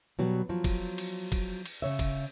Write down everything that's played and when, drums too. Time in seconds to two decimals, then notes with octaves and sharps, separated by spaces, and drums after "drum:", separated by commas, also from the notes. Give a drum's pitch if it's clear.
0.19 B2 F#3 G3
0.49 F3 F#3
0.64 drum: kick, cymbal
0.98 drum: cymbal
1.32 drum: kick, cymbal
1.66 drum: cymbal
1.82 C#3 C#5 E5
1.99 drum: kick, cymbal